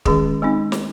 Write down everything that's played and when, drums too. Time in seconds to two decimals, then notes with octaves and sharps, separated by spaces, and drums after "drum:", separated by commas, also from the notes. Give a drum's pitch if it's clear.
0.05 D#3 G#3 C#4 G#4, drum: kick
0.42 G#3 C4 D#4
0.72 drum: snare